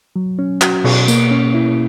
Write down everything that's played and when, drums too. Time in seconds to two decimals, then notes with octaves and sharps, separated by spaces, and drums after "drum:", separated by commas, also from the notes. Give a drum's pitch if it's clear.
0.16 F#3
0.39 C#4
0.61 F#4, drum: clap
0.84 B2, drum: cymbal
1.08 A#3, drum: tambourine
1.31 C#4
1.54 E4